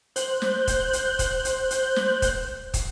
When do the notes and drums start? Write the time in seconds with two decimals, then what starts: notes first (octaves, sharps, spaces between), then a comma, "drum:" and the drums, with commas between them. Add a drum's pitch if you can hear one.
0.16 C5 F#6 G6, drum: hi-hat
0.42 drum: snare
0.67 drum: kick, hi-hat
0.93 drum: hi-hat
1.19 drum: kick, hi-hat
1.45 drum: hi-hat
1.71 drum: hi-hat
1.96 drum: snare
2.22 drum: kick, hi-hat
2.74 drum: kick, hi-hat